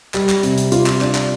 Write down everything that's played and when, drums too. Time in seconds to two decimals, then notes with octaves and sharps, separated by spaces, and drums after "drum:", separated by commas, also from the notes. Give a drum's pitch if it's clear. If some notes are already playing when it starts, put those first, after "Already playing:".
0.14 G3, drum: clap
0.29 drum: clap
0.43 C3, drum: hi-hat
0.58 drum: hi-hat
0.72 F4, drum: hi-hat
0.86 drum: clap
1.01 D4, drum: clap
1.15 drum: clap